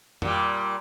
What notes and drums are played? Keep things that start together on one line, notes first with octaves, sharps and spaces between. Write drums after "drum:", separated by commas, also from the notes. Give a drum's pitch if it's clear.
A#2 G3, drum: tom F2